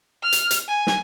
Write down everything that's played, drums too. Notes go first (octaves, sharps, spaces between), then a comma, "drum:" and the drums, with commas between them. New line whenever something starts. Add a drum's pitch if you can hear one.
F6
drum: hi-hat
drum: hi-hat
G#5
drum: snare